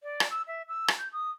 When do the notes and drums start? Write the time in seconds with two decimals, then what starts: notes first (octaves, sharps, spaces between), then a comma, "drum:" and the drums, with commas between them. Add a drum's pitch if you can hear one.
0.03 D5
0.20 drum: rim click
0.31 E6
0.47 E5
0.69 E6
0.88 drum: rim click
0.99 G6
1.13 D#6